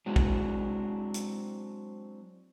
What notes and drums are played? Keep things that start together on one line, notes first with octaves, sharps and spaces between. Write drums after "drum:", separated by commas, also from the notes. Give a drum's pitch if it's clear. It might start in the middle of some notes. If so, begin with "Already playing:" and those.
F#3 G#3 C4 D4 E4 F#4
drum: kick
drum: hi-hat